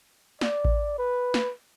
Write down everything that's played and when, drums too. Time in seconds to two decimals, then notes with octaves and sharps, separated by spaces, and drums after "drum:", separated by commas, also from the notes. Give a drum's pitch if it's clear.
0.41 D5, drum: snare
0.65 drum: kick A1
0.98 B4
1.34 drum: snare